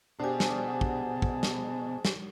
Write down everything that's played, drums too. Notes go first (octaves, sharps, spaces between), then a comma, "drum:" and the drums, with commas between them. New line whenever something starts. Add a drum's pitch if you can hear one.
B2 D4 G4 G#4 C5 G#5 A5
drum: snare
drum: kick
drum: kick
drum: snare
drum: snare